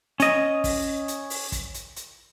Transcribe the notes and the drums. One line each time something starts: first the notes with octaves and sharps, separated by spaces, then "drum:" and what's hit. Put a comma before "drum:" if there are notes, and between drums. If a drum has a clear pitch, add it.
C#4 D#5, drum: hi-hat
drum: kick, open hi-hat
drum: hi-hat
drum: open hi-hat
drum: kick, hi-hat
drum: hi-hat
drum: hi-hat